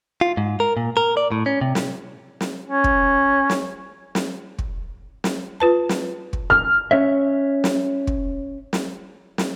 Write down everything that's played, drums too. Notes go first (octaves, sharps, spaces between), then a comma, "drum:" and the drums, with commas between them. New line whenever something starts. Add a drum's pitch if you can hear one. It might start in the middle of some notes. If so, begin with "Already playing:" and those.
F4
G#2
A#4
A#2
A#4
D5
A2
C#4
C3
drum: snare
drum: snare
C#4
drum: kick
drum: snare
drum: snare
drum: kick
drum: snare
F4 B4 A5
drum: snare
drum: kick
F6
C#4 C#5 E5
drum: snare
drum: kick
drum: snare
drum: snare